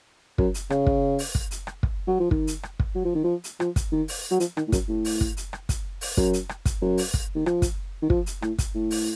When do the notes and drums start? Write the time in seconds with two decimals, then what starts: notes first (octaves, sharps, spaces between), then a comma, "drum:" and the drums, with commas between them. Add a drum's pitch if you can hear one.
0.38 F#2, drum: kick
0.54 drum: hi-hat
0.70 C#3, drum: rim click
0.86 drum: kick
1.19 drum: open hi-hat
1.35 drum: kick
1.51 drum: hi-hat
1.67 drum: rim click
1.83 drum: kick
2.07 F#3
2.20 F3
2.31 D#3, drum: kick
2.47 drum: hi-hat
2.63 drum: rim click
2.79 drum: kick
2.95 F#3
3.05 F3
3.15 D#3
3.24 F3
3.44 drum: hi-hat
3.60 F3, drum: rim click
3.76 drum: kick, hi-hat
3.92 D#3
4.08 drum: open hi-hat
4.31 F#3
4.40 F3, drum: hi-hat
4.57 D#3, drum: rim click
4.68 A2
4.72 F#2, drum: kick, hi-hat
4.88 A2
5.05 drum: open hi-hat
5.21 drum: kick
5.37 drum: hi-hat
5.53 drum: rim click
5.69 drum: kick, hi-hat
6.01 drum: open hi-hat
6.17 F#2, drum: kick
6.33 drum: hi-hat
6.49 drum: rim click
6.65 drum: kick, hi-hat
6.81 F#2
6.98 drum: open hi-hat
7.14 drum: kick
7.35 D#3
7.46 F3, drum: rim click
7.62 drum: kick, hi-hat
8.02 D#3
8.10 F3, drum: kick
8.26 drum: hi-hat
8.42 A2, drum: rim click
8.58 drum: kick, hi-hat
8.75 A2
8.91 drum: open hi-hat